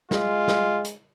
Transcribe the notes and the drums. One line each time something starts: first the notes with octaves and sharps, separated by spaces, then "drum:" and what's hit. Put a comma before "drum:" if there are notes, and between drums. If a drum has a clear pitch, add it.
G#3 F4, drum: snare
drum: snare
drum: hi-hat